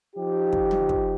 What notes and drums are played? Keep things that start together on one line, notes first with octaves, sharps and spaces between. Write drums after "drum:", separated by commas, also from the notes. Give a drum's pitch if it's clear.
F3 D#4 G4
drum: kick
drum: tom
drum: kick